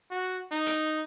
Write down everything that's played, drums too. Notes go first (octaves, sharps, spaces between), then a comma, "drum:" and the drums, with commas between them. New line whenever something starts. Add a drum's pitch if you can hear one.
F#4
D#4
drum: hi-hat